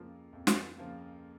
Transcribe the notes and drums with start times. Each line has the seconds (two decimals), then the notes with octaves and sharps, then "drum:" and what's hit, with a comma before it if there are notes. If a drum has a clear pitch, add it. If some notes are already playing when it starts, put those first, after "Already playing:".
Already playing: F2 C#3 F3 A#3 F4
0.33 F2
0.47 drum: snare
0.78 C#3 F3 A#3 F4